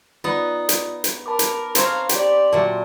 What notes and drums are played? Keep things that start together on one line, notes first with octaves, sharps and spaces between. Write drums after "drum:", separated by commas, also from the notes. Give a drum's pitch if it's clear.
B3 D#4 F4 D5 D#6
drum: hi-hat
drum: hi-hat
A#4 A5 B5 D6
drum: hi-hat
C4 C5 C#5 F5 A#5, drum: hi-hat
G4 D5, drum: hi-hat
A#2 F#3 E5 A5